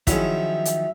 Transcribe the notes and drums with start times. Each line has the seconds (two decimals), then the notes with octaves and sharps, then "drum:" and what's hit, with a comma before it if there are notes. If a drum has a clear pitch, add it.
0.07 D#3 F3 F#3 C#4 E4 G#4 E5, drum: kick, hi-hat
0.65 drum: hi-hat